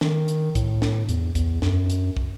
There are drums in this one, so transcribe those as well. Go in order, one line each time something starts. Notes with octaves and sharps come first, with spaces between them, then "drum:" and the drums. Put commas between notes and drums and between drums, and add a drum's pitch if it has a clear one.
D#3, drum: snare
drum: hi-hat
A2, drum: kick, hi-hat
drum: snare
E2, drum: hi-hat
E2, drum: kick, hi-hat
F#2, drum: snare
drum: hi-hat
drum: kick